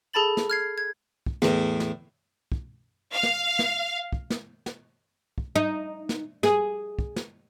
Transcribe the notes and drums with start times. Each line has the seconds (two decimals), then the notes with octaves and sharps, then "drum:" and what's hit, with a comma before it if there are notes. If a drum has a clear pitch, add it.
0.13 G#4 A4 A5 B5 A6 F#7
0.37 drum: snare
0.50 F6 G#6 C7
0.78 G#6
1.26 drum: kick
1.42 E2 A2, drum: snare
1.80 drum: snare
2.52 drum: kick
3.12 F5
3.23 drum: snare
3.59 drum: snare
4.13 drum: kick
4.30 drum: snare
4.66 drum: snare
5.38 drum: kick
5.56 D#4
6.09 drum: snare
6.43 G#4, drum: snare
6.99 drum: kick
7.16 drum: snare